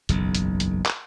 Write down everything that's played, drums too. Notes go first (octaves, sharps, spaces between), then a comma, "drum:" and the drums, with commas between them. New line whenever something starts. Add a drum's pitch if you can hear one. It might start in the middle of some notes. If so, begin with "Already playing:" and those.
F#1 B1 E2, drum: hi-hat
drum: hi-hat
drum: hi-hat
drum: clap